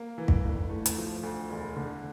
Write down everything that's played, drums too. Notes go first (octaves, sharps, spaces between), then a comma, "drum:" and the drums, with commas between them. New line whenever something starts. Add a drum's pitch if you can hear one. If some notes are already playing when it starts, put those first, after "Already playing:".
Already playing: A#3
E3
drum: kick
G1
A3
drum: hi-hat
F3
D2
E1
D3